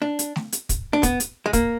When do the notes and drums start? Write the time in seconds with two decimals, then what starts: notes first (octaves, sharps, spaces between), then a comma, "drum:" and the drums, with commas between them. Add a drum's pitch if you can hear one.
0.02 D4
0.19 drum: hi-hat
0.36 drum: snare A3
0.52 drum: hi-hat
0.69 drum: kick, hi-hat
0.93 D4
1.03 B3, drum: kick, hi-hat
1.20 drum: hi-hat
1.46 G#3
1.53 A#3, drum: kick, hi-hat